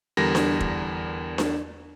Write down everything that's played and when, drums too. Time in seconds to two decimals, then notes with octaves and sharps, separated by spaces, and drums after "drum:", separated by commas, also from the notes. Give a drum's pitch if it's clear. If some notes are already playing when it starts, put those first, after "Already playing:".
0.17 E2 D3 G3 A#4 A#6
0.35 drum: snare D4
0.60 drum: kick
1.38 drum: snare D4